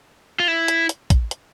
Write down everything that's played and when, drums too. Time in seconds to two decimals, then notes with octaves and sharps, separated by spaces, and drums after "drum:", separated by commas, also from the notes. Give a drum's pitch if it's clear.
0.40 F4
0.48 E4
0.68 drum: hi-hat
0.89 drum: hi-hat
1.10 drum: kick, hi-hat
1.31 drum: hi-hat